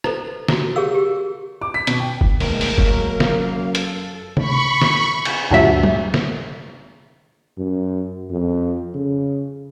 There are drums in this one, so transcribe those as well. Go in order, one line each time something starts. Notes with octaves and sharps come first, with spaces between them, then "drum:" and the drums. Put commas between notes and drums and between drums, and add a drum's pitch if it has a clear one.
A4 B4 C5 A#5, drum: rim click
F#4 A#5, drum: snare
G4 G#4 A#4 C#5 F5 E6
G4
D6
B6
B2, drum: hi-hat
G5
drum: kick F#1
E1 D#2 G#3 A3 A#4, drum: open hi-hat
drum: open hi-hat
F#3 A#3, drum: kick F#1
F#2 F5, drum: snare
A4, drum: hi-hat
B5 C#6, drum: tom C3
drum: snare
drum: cymbal
D2 G2 A#2 F#3 E5
drum: tom F#3
drum: snare
F#2
F2
C#3